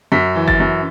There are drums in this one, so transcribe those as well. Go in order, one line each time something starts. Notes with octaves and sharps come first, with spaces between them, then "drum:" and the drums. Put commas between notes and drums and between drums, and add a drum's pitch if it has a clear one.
F#2 B6
E3
A6, drum: kick G1
F#2